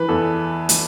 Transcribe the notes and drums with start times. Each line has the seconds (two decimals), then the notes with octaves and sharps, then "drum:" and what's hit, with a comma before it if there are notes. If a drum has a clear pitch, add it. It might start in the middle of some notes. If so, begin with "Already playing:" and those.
Already playing: E3 B4
0.08 E2 A4
0.69 drum: hi-hat